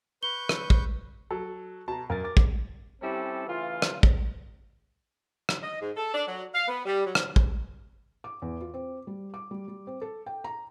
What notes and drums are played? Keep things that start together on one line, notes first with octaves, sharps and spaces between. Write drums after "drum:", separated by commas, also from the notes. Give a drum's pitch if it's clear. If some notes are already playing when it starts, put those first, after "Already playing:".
B4 C#6 G6 G7
drum: rim click
drum: kick
F#3 A4
B2 A5 A#5
F#2 A#4 G#5 A6
D6 A6
drum: kick
G3 C4 C#4 E4 G4 A4
C#3 E3 A3 F4
drum: rim click
drum: kick
drum: rim click
D#5
G#2
A4
D4
F#3
F5
B3
G3
F#3
drum: rim click
drum: kick
D6
E2
F4
C4
G3
D6
G3
G3
C4
A4
G5
A#5